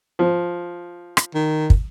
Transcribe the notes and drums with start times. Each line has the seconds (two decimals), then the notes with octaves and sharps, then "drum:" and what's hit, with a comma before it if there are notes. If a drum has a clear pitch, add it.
0.19 F3
1.17 drum: rim click
1.35 D#3
1.70 drum: kick